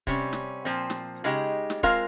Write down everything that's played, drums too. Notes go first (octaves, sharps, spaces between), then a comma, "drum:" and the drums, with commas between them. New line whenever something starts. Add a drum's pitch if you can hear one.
C3 G3 C#4, drum: kick C#1
drum: snare
A#2 F3 C4
drum: snare
C#3 G#3 D#4 G4
drum: snare
G#3 C4 F4 A#4 F5, drum: kick C#1